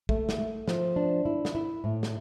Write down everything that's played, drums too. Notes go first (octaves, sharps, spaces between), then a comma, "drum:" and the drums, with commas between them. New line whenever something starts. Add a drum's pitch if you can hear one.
A3, drum: kick
drum: snare
A3
F3, drum: snare
D4
E4
drum: snare
E4
A2
drum: snare